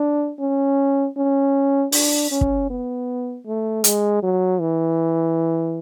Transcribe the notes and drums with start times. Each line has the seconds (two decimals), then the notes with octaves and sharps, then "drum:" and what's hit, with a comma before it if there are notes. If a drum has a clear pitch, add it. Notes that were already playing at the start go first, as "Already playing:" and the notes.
Already playing: D4
0.40 C#4
1.17 C#4
1.92 D4, drum: open hi-hat
2.31 C#4
2.41 drum: kick
2.70 B3
3.47 A3
3.84 G#3, drum: hi-hat
4.23 F#3
4.61 E3